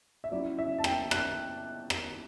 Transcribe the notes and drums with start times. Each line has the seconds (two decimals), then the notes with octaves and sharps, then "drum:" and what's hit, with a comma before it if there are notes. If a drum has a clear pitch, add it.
0.24 E5
0.32 F#3 C#4 E4 D5
0.59 E5
0.78 A5
0.84 G5, drum: rim click
1.11 F#6, drum: rim click
1.90 drum: rim click